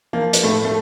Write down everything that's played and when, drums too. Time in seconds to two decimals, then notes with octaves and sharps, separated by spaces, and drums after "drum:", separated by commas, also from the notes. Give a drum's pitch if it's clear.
0.13 F3 A#3
0.33 drum: hi-hat
0.43 A2 A3
0.65 A3